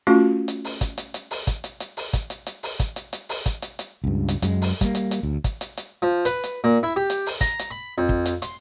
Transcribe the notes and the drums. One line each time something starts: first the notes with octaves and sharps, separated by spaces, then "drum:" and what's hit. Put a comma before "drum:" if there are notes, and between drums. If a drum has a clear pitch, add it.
A3 C#4 F4 F#4
drum: hi-hat
drum: open hi-hat
drum: kick, hi-hat
drum: hi-hat
drum: hi-hat
drum: open hi-hat
drum: kick, hi-hat
drum: hi-hat
drum: hi-hat
drum: open hi-hat
drum: kick, hi-hat
drum: hi-hat
drum: hi-hat
drum: open hi-hat
drum: kick, hi-hat
drum: hi-hat
drum: hi-hat
drum: open hi-hat
drum: kick, hi-hat
drum: hi-hat
drum: hi-hat
C#2 G2
drum: hi-hat
F#2 F#3 G#3, drum: hi-hat
drum: open hi-hat
G3 A#3, drum: kick, hi-hat
drum: hi-hat
drum: hi-hat
D2
drum: kick, hi-hat
drum: hi-hat
drum: hi-hat
F3
B4, drum: hi-hat
drum: hi-hat
A#2
E4
G4
drum: hi-hat
drum: open hi-hat
A#5, drum: kick, hi-hat
drum: hi-hat
B5
F2
drum: kick
drum: hi-hat
C6, drum: hi-hat